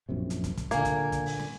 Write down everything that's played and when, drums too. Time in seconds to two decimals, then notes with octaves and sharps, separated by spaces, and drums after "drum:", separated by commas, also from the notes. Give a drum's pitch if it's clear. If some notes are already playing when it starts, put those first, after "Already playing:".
0.09 A#1 F#2 C3
0.30 drum: hi-hat
0.44 drum: kick, hi-hat
0.57 drum: kick, hi-hat
0.71 A#2 D3 A#3 G#5 G#6, drum: hi-hat
0.85 drum: kick, hi-hat
1.12 drum: kick, hi-hat
1.26 drum: open hi-hat
1.40 drum: snare